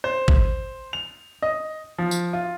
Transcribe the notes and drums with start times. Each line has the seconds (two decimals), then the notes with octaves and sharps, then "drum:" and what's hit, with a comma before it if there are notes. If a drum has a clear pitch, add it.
0.04 C5
0.28 drum: kick G#1
0.93 F7
1.42 D#5
1.98 F3
2.11 drum: tambourine
2.33 F4